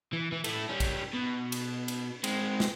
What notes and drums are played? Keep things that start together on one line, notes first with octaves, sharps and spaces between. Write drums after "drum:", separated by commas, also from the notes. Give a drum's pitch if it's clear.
E3
E3
A3 E4, drum: cymbal
G3 C#4
drum: kick A#1, cymbal
B2
drum: cymbal
drum: cymbal
G#3 C4, drum: cymbal
drum: snare